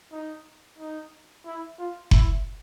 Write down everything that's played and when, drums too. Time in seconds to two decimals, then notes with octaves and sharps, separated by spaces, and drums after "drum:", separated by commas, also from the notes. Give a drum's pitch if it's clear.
0.12 D#4
0.79 D#4
1.45 E4
1.79 F4
2.11 E4, drum: kick F#1